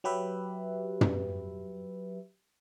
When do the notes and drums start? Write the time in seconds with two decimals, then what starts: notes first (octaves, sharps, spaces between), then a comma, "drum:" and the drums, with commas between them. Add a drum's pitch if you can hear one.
0.04 F#3 G4 B4 E5
1.01 drum: tom